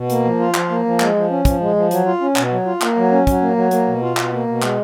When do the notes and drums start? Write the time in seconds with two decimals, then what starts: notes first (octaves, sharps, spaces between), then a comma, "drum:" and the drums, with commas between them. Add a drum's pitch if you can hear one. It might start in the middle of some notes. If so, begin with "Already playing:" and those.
Already playing: B2
0.10 A#3, drum: hi-hat
0.24 F3
0.40 F4
0.54 F3, drum: clap
0.70 A#3
0.85 F3
1.00 G#3, drum: clap
1.15 F3
1.30 C#4
1.45 F3, drum: kick, hi-hat
1.60 G#3
1.76 F3
1.91 F#3, drum: hi-hat
2.06 F4
2.21 C#4
2.36 B2, drum: clap
2.51 F#3
2.66 F4
2.82 A#3, drum: clap
2.96 F#3
3.11 C#4
3.27 F#3, drum: kick, hi-hat
3.41 A#3
3.56 F#3
3.71 A#3, drum: hi-hat
3.87 B2
4.02 F4
4.17 B2, drum: clap
4.32 A#3
4.47 B2
4.62 G#3, drum: clap